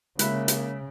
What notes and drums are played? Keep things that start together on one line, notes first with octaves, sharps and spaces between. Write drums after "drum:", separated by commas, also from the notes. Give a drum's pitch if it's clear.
C#3 G#3 A#3 E5 B5 F#6, drum: hi-hat
drum: hi-hat